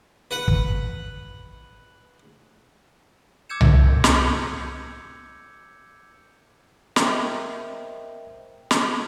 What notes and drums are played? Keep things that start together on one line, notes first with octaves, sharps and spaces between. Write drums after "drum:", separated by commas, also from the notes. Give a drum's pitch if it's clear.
B4 F#5
drum: kick
D6 E6 G6 G#6 C#7 E7
drum: tom C2
drum: snare
A#4 C5 D#5 E5 G5, drum: snare
drum: snare